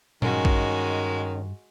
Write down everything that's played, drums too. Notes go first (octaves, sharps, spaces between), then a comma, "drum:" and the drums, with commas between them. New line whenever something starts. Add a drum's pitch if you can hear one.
G2 D#3 G#3 C#4 F#4, drum: tom A#2
drum: kick